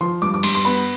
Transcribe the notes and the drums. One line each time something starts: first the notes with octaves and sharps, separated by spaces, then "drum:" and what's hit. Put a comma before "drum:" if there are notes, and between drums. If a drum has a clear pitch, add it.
F3 C6
G2 D6
D6
G2 C6, drum: cymbal
C6
B3 B5